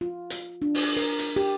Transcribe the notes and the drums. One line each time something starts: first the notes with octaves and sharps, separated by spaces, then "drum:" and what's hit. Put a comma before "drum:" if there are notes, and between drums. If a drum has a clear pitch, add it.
F4
drum: hi-hat
D4
drum: open hi-hat
A#4, drum: hi-hat
drum: hi-hat
G4